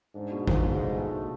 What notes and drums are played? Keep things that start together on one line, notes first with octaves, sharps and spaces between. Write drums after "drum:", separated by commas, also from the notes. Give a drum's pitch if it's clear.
G#2 D4
B2
G#2 F4, drum: kick
B2
A3
A3
B2